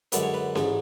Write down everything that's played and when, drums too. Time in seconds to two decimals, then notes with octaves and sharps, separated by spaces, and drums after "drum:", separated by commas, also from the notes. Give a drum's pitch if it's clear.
0.12 F#2 D3 G#3 B4, drum: hi-hat
0.23 C#5
0.34 B4
0.55 A1 G#2 G#3, drum: snare C#4